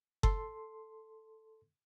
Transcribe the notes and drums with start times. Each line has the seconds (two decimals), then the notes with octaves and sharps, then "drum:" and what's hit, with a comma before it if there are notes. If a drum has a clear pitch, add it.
0.23 A4 C6, drum: kick F#1